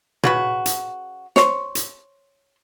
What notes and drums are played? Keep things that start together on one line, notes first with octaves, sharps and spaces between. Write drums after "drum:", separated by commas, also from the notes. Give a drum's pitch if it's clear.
C#3 F#4 B4, drum: tom A#2
drum: hi-hat
C5 C#5, drum: snare
drum: hi-hat